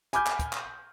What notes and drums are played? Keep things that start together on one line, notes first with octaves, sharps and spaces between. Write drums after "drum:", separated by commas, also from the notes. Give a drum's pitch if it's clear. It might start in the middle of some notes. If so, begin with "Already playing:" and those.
G#5 B5 D6 F6 G6, drum: hi-hat
drum: clap
drum: kick, hi-hat
drum: clap